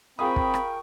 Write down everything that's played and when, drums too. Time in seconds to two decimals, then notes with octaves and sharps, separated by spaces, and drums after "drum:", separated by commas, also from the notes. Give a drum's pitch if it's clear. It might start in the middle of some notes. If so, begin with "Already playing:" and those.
0.19 C4 F4 G#4 A#4 G5 B5 C#6 D#6
0.36 drum: kick
0.54 drum: rim click